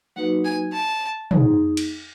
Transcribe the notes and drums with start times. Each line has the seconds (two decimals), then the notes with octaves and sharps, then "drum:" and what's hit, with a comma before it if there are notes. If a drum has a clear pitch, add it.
0.16 F#3 A#3 D#4 F#4 B4 F#5
0.45 G#5
0.73 A5
1.31 A#3 D#4 G#4, drum: tom
1.77 drum: cymbal